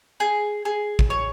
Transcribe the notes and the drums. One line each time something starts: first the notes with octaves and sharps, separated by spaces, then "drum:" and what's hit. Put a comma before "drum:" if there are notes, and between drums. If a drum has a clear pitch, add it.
G#4
G#4
drum: kick
C#5